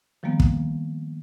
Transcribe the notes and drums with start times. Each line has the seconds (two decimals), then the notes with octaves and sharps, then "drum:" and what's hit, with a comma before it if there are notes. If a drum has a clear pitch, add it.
0.23 D#3 F3 G3 A#3 B3
0.40 drum: kick